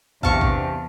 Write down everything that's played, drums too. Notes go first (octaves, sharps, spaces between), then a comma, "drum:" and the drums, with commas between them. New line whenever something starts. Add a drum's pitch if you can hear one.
E2 C3 D4 F5 A5 C#6, drum: kick
drum: kick